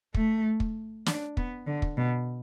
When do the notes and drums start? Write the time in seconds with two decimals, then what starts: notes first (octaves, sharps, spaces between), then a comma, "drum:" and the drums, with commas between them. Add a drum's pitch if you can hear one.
0.14 A3, drum: kick
0.60 drum: kick
1.06 D4, drum: snare
1.37 B3, drum: kick
1.67 D3
1.82 drum: kick
1.97 B2